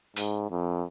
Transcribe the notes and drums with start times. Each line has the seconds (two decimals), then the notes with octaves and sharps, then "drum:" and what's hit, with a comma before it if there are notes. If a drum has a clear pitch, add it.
0.16 G#2, drum: hi-hat
0.51 F2